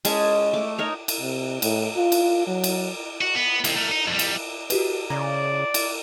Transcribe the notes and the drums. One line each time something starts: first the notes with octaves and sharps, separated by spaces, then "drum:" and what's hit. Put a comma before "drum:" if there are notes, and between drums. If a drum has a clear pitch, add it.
G#3 C#4 G#5 A5, drum: cymbal
A3 D6
D#4 A#4 C#5
drum: cymbal
C3
A2, drum: cymbal
F4
drum: cymbal
F#3
drum: cymbal
F#4
B3
D#2 C4, drum: cymbal
A3 A#4
D#4
F2 G3
drum: cymbal
F#4 G4 B4, drum: cymbal
C#3 D5 A#5 G#6 A#6
drum: cymbal